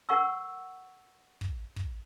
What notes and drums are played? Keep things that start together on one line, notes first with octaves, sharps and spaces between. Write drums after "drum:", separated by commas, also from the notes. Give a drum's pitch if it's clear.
A#4 F#5 C#6 E6
drum: kick
drum: kick